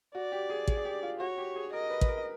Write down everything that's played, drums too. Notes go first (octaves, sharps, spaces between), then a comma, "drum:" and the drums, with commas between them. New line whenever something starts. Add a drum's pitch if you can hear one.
F#4 D5
G4
G#4
G#4, drum: kick
G#4
G4
F4
F#4 C#5
G4
G#4
A#4 D#5
B4
B4, drum: kick
A#4